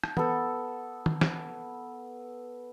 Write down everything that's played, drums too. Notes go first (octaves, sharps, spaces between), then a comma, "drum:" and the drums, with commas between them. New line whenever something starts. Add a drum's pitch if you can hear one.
drum: rim click
B3 A4, drum: tom
drum: tom
drum: snare